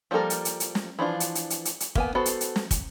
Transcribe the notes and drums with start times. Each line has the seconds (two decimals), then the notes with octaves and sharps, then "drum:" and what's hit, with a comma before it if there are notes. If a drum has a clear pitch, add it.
0.11 F3 G3 A#3 A4 A#4
0.30 drum: hi-hat
0.45 drum: hi-hat
0.60 drum: hi-hat
0.75 drum: snare
0.99 E3 F3 D4 F4
1.20 drum: hi-hat
1.35 drum: hi-hat
1.50 drum: hi-hat
1.65 drum: hi-hat
1.80 drum: hi-hat
1.95 A#3 B3 G#5, drum: kick
2.15 B3 F#4 A4 C5
2.26 drum: hi-hat
2.41 drum: hi-hat
2.56 drum: snare
2.71 drum: kick, hi-hat